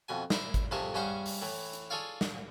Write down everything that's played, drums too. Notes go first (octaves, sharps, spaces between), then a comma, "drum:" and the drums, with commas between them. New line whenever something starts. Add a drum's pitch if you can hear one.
F2 B2 G#5
E4 C5 A#5, drum: snare
drum: kick G#1, hi-hat
F2 C3 A3 G#4 A#4 A5
G2 C#4 G#4 C5 F#5 C#6
drum: open hi-hat
A2 E3
drum: hi-hat
F4 G#4 A4 C#5 D5 F5
drum: snare